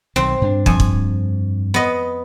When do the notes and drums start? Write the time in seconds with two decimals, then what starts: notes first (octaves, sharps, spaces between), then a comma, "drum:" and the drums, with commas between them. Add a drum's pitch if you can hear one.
0.16 B1 D#3 C4
0.42 G2 D4
0.66 F2 G#5, drum: kick
0.80 drum: kick
1.74 B3 D#5